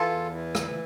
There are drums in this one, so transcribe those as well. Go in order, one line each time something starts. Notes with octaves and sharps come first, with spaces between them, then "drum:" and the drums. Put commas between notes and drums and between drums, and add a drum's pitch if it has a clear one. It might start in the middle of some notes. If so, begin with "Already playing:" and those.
Already playing: E3 F4 A4
E2
E3
drum: rim click